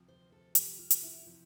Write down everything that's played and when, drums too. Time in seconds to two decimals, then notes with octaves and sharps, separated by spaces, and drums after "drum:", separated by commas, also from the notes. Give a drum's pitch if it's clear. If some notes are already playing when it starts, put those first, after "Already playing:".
Already playing: D2 C3 F3
0.08 C5
0.32 A4
0.55 D2 C3 F3 G4, drum: hi-hat
0.79 F4
0.91 drum: hi-hat
1.03 E4
1.26 C3 F3